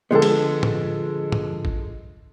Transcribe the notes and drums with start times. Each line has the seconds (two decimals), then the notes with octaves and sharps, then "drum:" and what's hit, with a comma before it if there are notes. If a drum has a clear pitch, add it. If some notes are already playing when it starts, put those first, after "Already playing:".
0.11 D3 F3 G#3 B3 A4
0.22 drum: cymbal
0.63 drum: tom
1.32 drum: tom
1.65 drum: kick G1